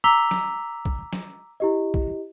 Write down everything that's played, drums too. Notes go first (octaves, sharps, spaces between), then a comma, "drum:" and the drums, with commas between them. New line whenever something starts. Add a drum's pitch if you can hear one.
A#5 D6 E6 B6 F7 G7
drum: snare
drum: kick
drum: snare
E4 G4 D#5
drum: kick